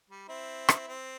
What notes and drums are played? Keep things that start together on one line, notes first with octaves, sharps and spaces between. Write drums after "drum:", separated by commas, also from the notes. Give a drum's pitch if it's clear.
G3
C4 E4
drum: rim click
C4